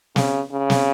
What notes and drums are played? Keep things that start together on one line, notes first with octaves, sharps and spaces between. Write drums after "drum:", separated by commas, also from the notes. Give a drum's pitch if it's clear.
C#3, drum: snare
C#3
drum: snare